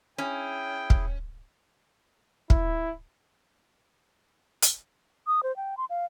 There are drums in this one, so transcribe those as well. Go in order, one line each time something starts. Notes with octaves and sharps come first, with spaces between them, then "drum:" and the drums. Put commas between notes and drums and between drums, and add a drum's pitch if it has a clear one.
C#4 E4 G#4 G5
drum: kick
E4, drum: kick
drum: hi-hat
D#6
C5
G5
C6
F5